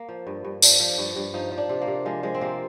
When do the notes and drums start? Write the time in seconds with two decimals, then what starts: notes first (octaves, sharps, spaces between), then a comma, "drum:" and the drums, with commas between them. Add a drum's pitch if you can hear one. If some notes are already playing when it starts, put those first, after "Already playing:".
Already playing: A#3
0.09 F3
0.27 G2
0.45 G2
0.62 F3 D4, drum: tambourine
0.80 F3
0.98 G2
1.16 G2
1.34 F3 D#4
1.52 F3
1.58 D4
1.69 C3
1.81 A#3
1.88 C3
2.05 F3 G#3
2.23 F3 G#3
2.34 C4
2.41 C3 A#3